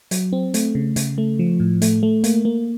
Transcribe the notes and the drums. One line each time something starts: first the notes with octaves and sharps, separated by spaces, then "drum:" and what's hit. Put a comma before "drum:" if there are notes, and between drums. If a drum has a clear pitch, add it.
F#3, drum: hi-hat
C4
A3, drum: hi-hat
C#3
C#3, drum: hi-hat
A3
F3
A2
A3, drum: hi-hat
A3
A#3, drum: hi-hat
A#3